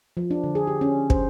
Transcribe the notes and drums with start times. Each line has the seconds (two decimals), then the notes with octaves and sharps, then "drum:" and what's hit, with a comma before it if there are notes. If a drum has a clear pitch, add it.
0.17 F3
0.31 D4
0.44 D3
0.55 G#4
0.67 G4
0.81 C#4
1.10 C5, drum: kick